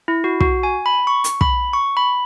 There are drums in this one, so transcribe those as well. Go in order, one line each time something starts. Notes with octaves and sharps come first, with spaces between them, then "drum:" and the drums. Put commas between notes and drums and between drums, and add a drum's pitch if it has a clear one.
E4
F#4
F#4, drum: kick
G#5
B5
C#6
drum: hi-hat
B5, drum: kick
C#6
B5